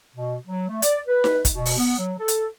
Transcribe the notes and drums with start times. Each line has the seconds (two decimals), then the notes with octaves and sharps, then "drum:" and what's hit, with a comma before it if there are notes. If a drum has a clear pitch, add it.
0.15 B2
0.47 F#3
0.69 A3
0.82 D5, drum: hi-hat
1.08 B4
1.24 drum: snare D#4
1.45 drum: kick, hi-hat
1.55 B2
1.66 drum: open hi-hat
1.78 B3
1.98 F#3
2.19 A4
2.28 drum: hi-hat